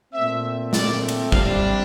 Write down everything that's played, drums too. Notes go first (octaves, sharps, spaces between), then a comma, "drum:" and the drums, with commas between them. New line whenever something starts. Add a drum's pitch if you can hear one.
A#2 A3 C4 E5
D5, drum: snare
drum: cymbal
C3 G3 D4 F5, drum: kick